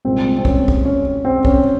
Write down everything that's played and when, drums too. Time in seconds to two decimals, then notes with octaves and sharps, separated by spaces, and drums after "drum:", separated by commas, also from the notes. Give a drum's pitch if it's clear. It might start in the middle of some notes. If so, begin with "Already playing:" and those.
0.05 C2 A#2 G#3 C4
0.38 C4
0.45 C#4, drum: kick
0.68 drum: kick
0.85 C#4
1.25 C4
1.45 C#4, drum: kick